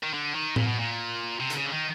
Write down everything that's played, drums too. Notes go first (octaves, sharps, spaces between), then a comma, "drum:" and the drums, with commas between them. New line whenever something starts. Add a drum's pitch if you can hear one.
D#3
D3
D#3
A#2, drum: tom A2
B2
A#2
C3
D3, drum: hi-hat
C#3
D3
D#3